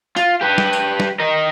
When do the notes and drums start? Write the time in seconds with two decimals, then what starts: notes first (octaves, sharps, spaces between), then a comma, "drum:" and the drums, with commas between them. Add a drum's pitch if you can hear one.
0.17 F4, drum: hi-hat
0.41 G4 B4
0.58 drum: snare
0.73 drum: tambourine
1.00 drum: snare
1.19 A#4 D#5